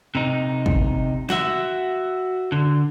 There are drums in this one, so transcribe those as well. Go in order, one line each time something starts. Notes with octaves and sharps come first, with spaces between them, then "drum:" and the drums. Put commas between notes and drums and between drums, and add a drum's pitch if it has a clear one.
C3 D#4
drum: kick
F#4 E5, drum: snare
D3